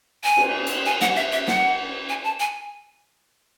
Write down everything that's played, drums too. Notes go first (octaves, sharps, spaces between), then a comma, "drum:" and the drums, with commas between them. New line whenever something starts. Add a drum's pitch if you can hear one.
G#5
drum: cymbal
drum: hi-hat
G#5
F#5, drum: snare
E5
E5
F#5, drum: snare
G#5
A5
G#5